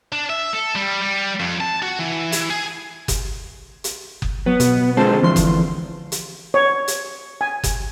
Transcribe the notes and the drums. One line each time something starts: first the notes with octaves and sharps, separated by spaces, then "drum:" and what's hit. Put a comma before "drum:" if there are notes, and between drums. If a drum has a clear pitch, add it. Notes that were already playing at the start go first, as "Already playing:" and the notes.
D4
E5
A4
G3
G3
F2
A5
F#4
E3
E3, drum: hi-hat
G#4
drum: kick F#1, hi-hat
drum: hi-hat
drum: kick F#1
F#3 B3
B2, drum: hi-hat
D3 G#3 C4 F4 C5 A5
E2 D3 F3 C6
drum: kick F#1, hi-hat
drum: hi-hat
C#5
drum: hi-hat
G#5
drum: kick F#1, hi-hat